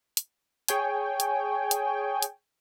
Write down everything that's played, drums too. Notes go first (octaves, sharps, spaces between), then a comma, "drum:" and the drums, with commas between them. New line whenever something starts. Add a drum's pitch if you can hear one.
drum: hi-hat
G#4 C#5 G5 G#5, drum: hi-hat
drum: hi-hat
drum: hi-hat
drum: hi-hat